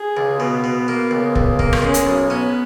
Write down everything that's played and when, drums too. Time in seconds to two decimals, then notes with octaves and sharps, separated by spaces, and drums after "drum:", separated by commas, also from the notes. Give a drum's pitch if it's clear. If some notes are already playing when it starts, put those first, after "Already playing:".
Already playing: G#4
0.17 C#2
0.40 B2 B3
0.64 B2
0.88 A#3
1.11 C#2
1.36 C#2, drum: kick
1.59 A#3, drum: kick
1.73 drum: rim click
1.82 G#3 C#4
1.94 drum: hi-hat
2.07 B1
2.30 B3 C#4